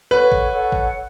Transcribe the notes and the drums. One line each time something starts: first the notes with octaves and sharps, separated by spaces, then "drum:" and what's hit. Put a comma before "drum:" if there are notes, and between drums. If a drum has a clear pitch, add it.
A4 B4 C#5 F#5 C#6
drum: kick
A4 C#5 F#5 C#6
drum: kick